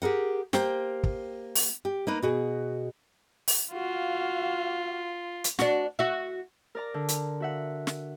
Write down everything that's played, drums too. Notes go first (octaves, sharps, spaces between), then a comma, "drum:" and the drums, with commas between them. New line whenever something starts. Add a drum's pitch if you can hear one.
G4 G#4 A#4 F#5
A#3 G4 C5 G5, drum: snare
drum: kick
drum: open hi-hat
G4
A#3 D#4 B4
B2 F#4 G#4
drum: open hi-hat
F4 F#4 F5
drum: hi-hat
D4 F#4, drum: snare
F#4 E5
A#4 D5 A#5
D3
drum: hi-hat
F#4 E5 F#5
drum: snare